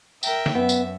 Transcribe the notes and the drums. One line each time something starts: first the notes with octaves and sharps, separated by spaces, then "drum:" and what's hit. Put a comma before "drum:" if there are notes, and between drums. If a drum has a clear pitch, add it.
A#4 E5 G5, drum: tambourine
drum: snare
F#2 B3 E5
drum: tambourine